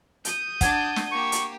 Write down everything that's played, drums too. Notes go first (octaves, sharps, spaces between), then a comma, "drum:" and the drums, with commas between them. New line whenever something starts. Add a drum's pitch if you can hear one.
D#6 G6, drum: hi-hat
D4 F#5 G#6, drum: kick, hi-hat
drum: snare
A#3 G4 C#6
drum: hi-hat